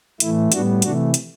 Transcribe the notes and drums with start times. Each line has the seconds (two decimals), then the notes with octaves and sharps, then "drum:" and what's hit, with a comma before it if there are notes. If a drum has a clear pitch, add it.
0.20 A2 E3 A3 E4, drum: hi-hat
0.52 A2 G3 B3 D4 F#4, drum: hi-hat
0.82 C3 E3 A3 D4 F#4, drum: hi-hat
1.14 drum: hi-hat